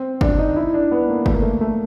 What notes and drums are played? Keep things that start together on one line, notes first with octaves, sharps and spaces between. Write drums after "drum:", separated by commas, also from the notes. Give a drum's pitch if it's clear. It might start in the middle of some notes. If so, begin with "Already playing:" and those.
Already playing: C4
D4, drum: kick
D#4
E4
D4
B3
A#3
A3, drum: kick
A#3
A3
A3